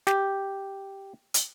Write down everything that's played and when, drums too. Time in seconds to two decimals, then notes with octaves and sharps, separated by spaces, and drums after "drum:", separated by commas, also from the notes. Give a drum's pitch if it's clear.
0.07 G4, drum: snare
1.34 drum: hi-hat